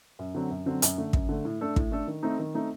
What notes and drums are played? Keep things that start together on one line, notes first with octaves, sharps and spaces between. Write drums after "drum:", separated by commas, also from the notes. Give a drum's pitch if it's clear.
F#2
D3 F#3 C4
F#2
D3 F#3 C4
F#2, drum: hi-hat
D3 A3
F#2, drum: kick
D3 A3
A2
A3 D4 A4
A2, drum: kick
A3 D4 A4
D#3
A3 C4 D#4
D#3
A3 C4 D#4